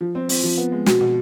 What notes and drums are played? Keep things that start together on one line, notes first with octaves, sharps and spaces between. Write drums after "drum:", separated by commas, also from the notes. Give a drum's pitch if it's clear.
F3 F4
C4
C4, drum: open hi-hat
F3
B3
G#3
B2 F#4, drum: snare
B2